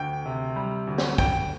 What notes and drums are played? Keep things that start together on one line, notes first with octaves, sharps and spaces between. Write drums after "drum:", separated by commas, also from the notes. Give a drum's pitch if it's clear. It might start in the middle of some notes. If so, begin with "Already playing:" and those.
Already playing: D2 G5
C3
G3
D2
drum: snare
D2 G5, drum: kick